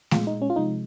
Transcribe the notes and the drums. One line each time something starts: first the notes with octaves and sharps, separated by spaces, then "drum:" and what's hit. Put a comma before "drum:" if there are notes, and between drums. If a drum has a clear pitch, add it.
A#2 F3 G#3 F4, drum: snare A3
D#4
C#4
F4
C3 F3 G#3 D#4